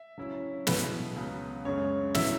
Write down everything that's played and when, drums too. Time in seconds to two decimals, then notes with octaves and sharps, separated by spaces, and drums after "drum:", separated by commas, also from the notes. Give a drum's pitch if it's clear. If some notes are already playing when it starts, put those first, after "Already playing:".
Already playing: E5
0.17 C#3 F#3 C#4 E4
0.67 B2 B3 E4 B4, drum: snare
1.16 C#2 C#3 F#3 B3
1.65 F#2 C#3 G#3 C#5
2.14 C#3 F#3 B3 E4 E5, drum: snare